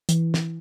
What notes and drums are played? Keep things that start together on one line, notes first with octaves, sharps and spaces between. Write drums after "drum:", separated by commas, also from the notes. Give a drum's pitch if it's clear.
E3, drum: hi-hat
drum: snare